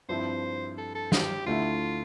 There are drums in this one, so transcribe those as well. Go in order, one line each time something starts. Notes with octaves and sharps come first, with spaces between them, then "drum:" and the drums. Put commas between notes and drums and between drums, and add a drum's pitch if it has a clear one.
G2 F3 C4 E4 C5
A4
A4
G4, drum: snare
D2 D3 A3 E4 F4